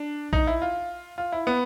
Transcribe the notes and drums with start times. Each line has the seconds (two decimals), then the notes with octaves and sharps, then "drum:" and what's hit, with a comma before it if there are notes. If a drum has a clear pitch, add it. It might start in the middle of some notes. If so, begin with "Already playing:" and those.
Already playing: D4
0.33 D#4, drum: kick A#1
0.47 E4
0.62 F4
1.18 F4
1.32 E4
1.47 B3